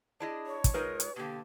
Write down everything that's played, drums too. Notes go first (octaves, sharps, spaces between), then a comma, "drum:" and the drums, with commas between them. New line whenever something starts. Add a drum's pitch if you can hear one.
D4 E4 G#4 D#5
C#5
drum: kick, hi-hat
G#3 D#4 F4 A#4 B4
drum: hi-hat
B2 D3 A#3 G4